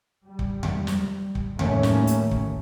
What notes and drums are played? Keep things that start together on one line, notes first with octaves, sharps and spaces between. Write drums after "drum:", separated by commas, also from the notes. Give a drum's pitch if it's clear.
G3
drum: kick
drum: tom E2
drum: snare
drum: kick
D#2 A2 D#3 A3 A#3 C#4, drum: tom E2
drum: snare
drum: hi-hat
drum: kick